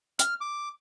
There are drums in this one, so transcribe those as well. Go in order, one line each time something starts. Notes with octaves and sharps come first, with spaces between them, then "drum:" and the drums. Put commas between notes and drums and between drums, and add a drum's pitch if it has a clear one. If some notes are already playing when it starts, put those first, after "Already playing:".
F6, drum: hi-hat
D6